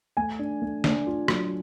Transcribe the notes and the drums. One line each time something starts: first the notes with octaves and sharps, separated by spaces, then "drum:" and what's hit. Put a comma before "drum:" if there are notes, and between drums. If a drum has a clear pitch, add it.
A3 G#5
D4
A3
D4, drum: snare
F4
F#3, drum: rim click